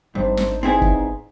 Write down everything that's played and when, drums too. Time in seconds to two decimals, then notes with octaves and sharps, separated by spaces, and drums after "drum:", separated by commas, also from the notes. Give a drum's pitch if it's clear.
0.15 G#1 G2 D4 D#4 C5
0.37 drum: snare
0.63 E2 C4 D#4 E4 G#4
0.81 drum: kick